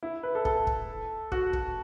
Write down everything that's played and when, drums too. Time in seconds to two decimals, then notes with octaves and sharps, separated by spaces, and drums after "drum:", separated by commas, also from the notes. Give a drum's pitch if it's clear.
0.03 E4
0.23 B4
0.35 A4
0.45 A4, drum: kick
0.67 drum: kick
1.32 F#4, drum: kick
1.53 drum: kick